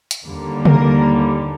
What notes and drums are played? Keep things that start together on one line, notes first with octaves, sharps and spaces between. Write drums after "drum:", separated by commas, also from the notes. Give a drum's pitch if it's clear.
drum: hi-hat
D#2 D3 G3 A#3
A#4, drum: tom